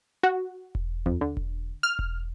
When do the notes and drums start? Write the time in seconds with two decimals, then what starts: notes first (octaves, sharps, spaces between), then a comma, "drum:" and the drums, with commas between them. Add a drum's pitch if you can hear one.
0.23 F#4
0.75 drum: kick E1
1.06 F2, drum: tom D#2
1.21 D3
1.37 drum: kick E1
1.83 F6
1.99 drum: kick E1